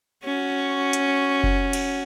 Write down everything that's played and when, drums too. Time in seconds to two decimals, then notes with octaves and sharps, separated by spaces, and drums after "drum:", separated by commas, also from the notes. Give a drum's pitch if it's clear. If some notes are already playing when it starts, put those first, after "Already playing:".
0.24 C#4 F#4
0.93 drum: hi-hat
1.43 drum: kick F#1
1.73 drum: cymbal